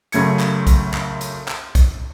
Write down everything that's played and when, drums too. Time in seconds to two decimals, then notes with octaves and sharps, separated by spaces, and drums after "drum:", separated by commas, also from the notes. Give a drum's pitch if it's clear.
0.12 F#2 C#3 A3 G#6 C#7, drum: hi-hat
0.39 drum: clap
0.67 drum: kick B1, hi-hat
0.94 drum: clap
1.21 drum: hi-hat
1.48 drum: clap
1.75 drum: kick B1, hi-hat